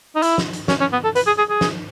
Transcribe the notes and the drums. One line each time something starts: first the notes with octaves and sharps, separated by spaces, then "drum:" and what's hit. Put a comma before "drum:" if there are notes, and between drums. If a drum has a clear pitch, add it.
D#4
E4, drum: hi-hat
drum: snare
drum: hi-hat
C#4, drum: snare
C#4
B3
A4
B4, drum: hi-hat
G#4
G#4
G#4
drum: snare